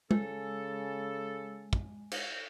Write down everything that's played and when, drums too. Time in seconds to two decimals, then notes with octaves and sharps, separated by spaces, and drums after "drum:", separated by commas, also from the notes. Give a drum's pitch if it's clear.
0.11 C#3 G#3 A4, drum: tom G#3
1.73 drum: kick
2.11 drum: cymbal